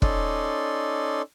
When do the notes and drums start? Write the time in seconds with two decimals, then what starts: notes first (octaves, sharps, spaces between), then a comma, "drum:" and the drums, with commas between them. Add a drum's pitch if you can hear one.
0.02 C#4 D#4 A4 D5 C6, drum: kick F1